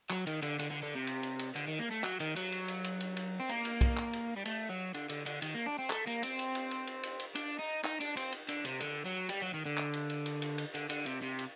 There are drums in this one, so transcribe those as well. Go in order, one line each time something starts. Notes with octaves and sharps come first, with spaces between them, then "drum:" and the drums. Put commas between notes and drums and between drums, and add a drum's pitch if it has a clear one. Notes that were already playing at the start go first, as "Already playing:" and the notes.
F#3, drum: clap
D#3, drum: cymbal
D3, drum: cymbal
D3, drum: cymbal
D3
D3
C3
drum: cymbal
drum: cymbal
drum: cymbal
D3, drum: cymbal
D#3
A#3
A3
F#3, drum: clap
D#3, drum: cymbal
F#3, drum: cymbal
drum: cymbal
drum: cymbal
drum: cymbal
drum: cymbal
drum: cymbal
C4
A#3, drum: cymbal
drum: cymbal
drum: kick B1, cymbal
drum: clap
drum: cymbal
G3
A3, drum: cymbal
F#3
D3, drum: cymbal
D3, drum: cymbal
D3, drum: cymbal
D#3, drum: cymbal
A#3
D4
C4
A3, drum: clap
A#3, drum: cymbal
C4, drum: cymbal
drum: cymbal
drum: cymbal
drum: cymbal
drum: cymbal
drum: cymbal
drum: cymbal
D4, drum: cymbal
D#4
D#4, drum: clap
D4, drum: cymbal
C4, drum: cymbal
drum: cymbal
D3, drum: cymbal
C3, drum: cymbal
D3, drum: cymbal
F#3
G3, drum: cymbal
F#3
D#3
D3
drum: clap
drum: cymbal
drum: cymbal
drum: cymbal
drum: cymbal
drum: cymbal
D3, drum: cymbal
D3, drum: cymbal
C3, drum: cymbal
C3
drum: cymbal